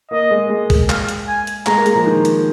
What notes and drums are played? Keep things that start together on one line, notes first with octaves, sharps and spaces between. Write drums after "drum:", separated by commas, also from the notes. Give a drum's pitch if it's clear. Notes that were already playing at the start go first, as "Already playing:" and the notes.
A#3 D#5
G#3
G#3
G#3, drum: kick A#1, open hi-hat
F5, drum: clap
drum: hi-hat
G#5
drum: hi-hat
G#3 A#5, drum: clap
A#3
G#3, drum: hi-hat
F3
D#3
drum: hi-hat